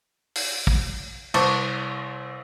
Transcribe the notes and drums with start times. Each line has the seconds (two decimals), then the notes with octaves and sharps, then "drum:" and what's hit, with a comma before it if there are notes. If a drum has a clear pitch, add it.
0.35 drum: open hi-hat
0.67 drum: kick
1.34 C2 C5 A5 C#6 D6, drum: cymbal